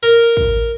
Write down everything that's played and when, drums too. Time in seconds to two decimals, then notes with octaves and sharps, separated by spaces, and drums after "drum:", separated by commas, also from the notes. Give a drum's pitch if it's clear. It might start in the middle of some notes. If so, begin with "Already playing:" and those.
0.03 A#4
0.37 drum: kick